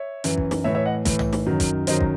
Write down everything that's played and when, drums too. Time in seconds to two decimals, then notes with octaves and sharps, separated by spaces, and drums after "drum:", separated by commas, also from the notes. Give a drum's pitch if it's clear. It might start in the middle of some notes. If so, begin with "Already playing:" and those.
Already playing: C#5 E5
0.24 F#2 E3, drum: hi-hat
0.38 drum: kick
0.51 drum: snare
0.64 A2 E3 C#5 E5
0.75 C#5 E5
0.85 D#5 F#5
1.05 A2 E3, drum: kick, hi-hat
1.19 drum: tom
1.33 drum: snare
1.46 F#2 D#3 F#3
1.60 drum: kick, hi-hat
1.87 F#2 D#3 F#3 C5 D#5, drum: hi-hat
2.01 drum: kick